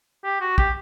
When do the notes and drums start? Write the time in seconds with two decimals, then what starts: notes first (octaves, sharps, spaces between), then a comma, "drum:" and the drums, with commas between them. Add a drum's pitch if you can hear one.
0.24 G4
0.41 F#4
0.58 G4, drum: kick